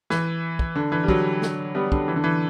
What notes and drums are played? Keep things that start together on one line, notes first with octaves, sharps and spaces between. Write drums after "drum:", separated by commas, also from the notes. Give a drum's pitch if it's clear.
E3, drum: snare
drum: kick
D3
E3
G3
D3 F#3, drum: kick
drum: snare
G3 B3
D3, drum: kick
E3
D3
E3